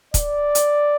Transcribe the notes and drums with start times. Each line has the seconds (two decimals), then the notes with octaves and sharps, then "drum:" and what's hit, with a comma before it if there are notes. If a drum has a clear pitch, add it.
0.14 D5, drum: kick, hi-hat
0.55 drum: hi-hat